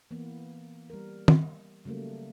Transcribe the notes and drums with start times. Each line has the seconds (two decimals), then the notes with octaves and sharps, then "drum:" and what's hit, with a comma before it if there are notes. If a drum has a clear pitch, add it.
0.11 E3 A#3 B3
0.90 G3 A#4
1.28 drum: tom
1.85 C#3 F#3 G3 A3 A#3